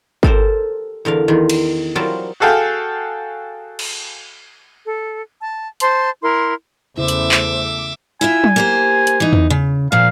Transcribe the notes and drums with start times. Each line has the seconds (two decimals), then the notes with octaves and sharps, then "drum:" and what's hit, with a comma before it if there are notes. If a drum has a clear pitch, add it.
0.23 G4 A4 A#4 C5, drum: kick
1.05 E2 D3 A#4 F5
1.28 E2 D#3 F4
1.50 drum: cymbal
1.95 F#3 G3 C4 F4 A#4 A5
2.40 F#4 G#4 A4 F5 G5
3.79 drum: cymbal
4.86 A4
5.41 A5
5.80 C5 A5 C6, drum: hi-hat
6.22 E4 A#4 C6
6.98 E2 C#3 A3 E4 C5 E5 D6
7.08 drum: hi-hat
7.31 drum: clap
8.21 E4 F4 E5 G#5
8.44 drum: tom F#3
8.56 A#3 G4 C5
9.07 drum: hi-hat
9.20 E3 D#4
9.33 drum: tom E2
9.50 C#3
9.92 A#2 F3 F5